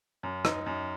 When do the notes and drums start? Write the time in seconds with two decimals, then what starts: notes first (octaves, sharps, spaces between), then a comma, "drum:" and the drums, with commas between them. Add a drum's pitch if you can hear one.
0.23 F#2
0.45 D#4, drum: rim click
0.66 F#2